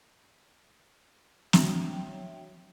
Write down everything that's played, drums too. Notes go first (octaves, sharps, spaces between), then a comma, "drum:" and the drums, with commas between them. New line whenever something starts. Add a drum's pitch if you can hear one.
D4 F#4 C#5 E5 G5, drum: snare